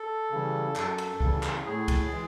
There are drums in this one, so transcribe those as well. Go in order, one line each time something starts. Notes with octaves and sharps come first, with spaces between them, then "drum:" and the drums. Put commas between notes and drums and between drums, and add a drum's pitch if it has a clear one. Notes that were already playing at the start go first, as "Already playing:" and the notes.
Already playing: A4
C#3 E3 G3
F#2, drum: clap
drum: cymbal
C#3 E3 G3, drum: kick
drum: clap
A2 G#4
drum: kick, cymbal
E3 G#3